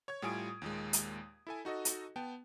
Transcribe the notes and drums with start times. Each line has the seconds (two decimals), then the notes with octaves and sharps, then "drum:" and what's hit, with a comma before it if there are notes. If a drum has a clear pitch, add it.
0.08 C#5 C#6 G#6
0.22 A2 G3 F4 G#5 D#6 D7
0.62 D#2 A#2 G#3
0.93 drum: hi-hat
1.47 E4 A4 G#5
1.65 D#4 F#4 A4 D#5
1.85 drum: hi-hat
2.16 B3 G5 A5